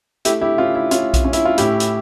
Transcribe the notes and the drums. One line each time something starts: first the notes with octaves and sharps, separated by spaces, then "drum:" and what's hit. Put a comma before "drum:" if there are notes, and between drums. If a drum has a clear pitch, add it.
A3 E4 G4, drum: hi-hat
E4 G4
C#4 F4
E4
C#4 F4, drum: hi-hat
drum: kick B1, hi-hat
C#4
E4, drum: hi-hat
F4
A2 E4 G4, drum: hi-hat
drum: hi-hat